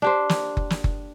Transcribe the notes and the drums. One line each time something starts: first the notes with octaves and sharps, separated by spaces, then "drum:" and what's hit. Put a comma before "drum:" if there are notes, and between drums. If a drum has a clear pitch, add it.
D4 G4 C5
drum: snare
drum: kick F#1
drum: snare
drum: kick F#1